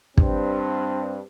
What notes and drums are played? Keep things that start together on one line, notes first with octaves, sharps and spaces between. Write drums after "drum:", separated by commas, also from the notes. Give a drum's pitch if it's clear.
G2 C4, drum: kick